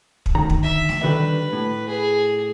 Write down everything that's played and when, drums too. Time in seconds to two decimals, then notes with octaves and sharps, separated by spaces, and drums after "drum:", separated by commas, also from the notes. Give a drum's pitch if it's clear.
0.26 drum: kick
0.35 D2 D#3 A#5
0.50 drum: kick
0.64 E5
0.89 drum: snare A3
1.03 D3 D#3 G3 B4
1.53 A2
1.89 G#4